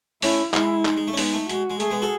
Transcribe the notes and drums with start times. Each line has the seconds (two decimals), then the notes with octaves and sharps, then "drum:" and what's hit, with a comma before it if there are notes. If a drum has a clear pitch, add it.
0.22 A3 C#4 E4, drum: open hi-hat
0.54 G#3 E4, drum: clap
0.85 G#3 D#4, drum: clap
0.97 G#3
1.07 A3
1.13 C#4
1.17 G#3 B3 D#4, drum: open hi-hat
1.33 A3
1.49 G#3 F#4, drum: hi-hat
1.70 G#3
1.80 A3 G#4, drum: hi-hat
1.91 G#3 B3
2.02 F#4 A4